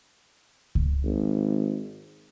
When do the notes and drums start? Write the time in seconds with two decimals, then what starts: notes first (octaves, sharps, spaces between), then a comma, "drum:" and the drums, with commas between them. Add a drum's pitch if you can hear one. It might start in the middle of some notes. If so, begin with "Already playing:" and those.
0.75 drum: kick C#2
1.04 G#1